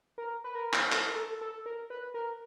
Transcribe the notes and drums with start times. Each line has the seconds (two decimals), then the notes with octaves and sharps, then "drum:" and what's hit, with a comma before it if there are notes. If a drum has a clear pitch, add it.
0.18 A#4
0.44 B4
0.55 A#4
0.73 drum: clap
0.92 A4, drum: clap
1.10 A#4
1.16 A4
1.41 A4
1.66 A#4
1.90 B4
2.14 A#4